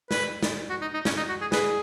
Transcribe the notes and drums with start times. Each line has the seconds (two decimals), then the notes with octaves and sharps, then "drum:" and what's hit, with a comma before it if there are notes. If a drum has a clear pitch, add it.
0.11 B4, drum: snare
0.43 drum: snare
0.70 F#4
0.81 D#4
0.94 D#4
1.05 C#4, drum: snare
1.17 D#4
1.29 F#4
1.41 G#4
1.52 G#4 B4, drum: snare